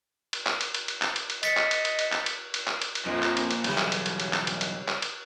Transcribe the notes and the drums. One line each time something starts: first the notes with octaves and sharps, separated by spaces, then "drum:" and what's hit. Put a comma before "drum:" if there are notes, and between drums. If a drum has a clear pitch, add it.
drum: cymbal
drum: clap
drum: cymbal
drum: cymbal
drum: cymbal
drum: clap
drum: cymbal
drum: cymbal
D#5 A6 B6 C#7, drum: cymbal
drum: clap
drum: cymbal
drum: cymbal
drum: cymbal
drum: clap
drum: cymbal
drum: cymbal
drum: clap
drum: cymbal
drum: cymbal
F2 A#2 F3
drum: clap
drum: cymbal
drum: cymbal
B1 E2 C#3 G3, drum: cymbal
drum: clap
drum: cymbal
drum: cymbal
drum: cymbal
drum: clap
drum: cymbal
drum: cymbal
drum: clap
drum: cymbal